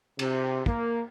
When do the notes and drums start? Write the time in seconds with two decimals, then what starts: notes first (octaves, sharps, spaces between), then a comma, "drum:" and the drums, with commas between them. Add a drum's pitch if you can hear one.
0.19 C3, drum: cymbal
0.66 A#3, drum: kick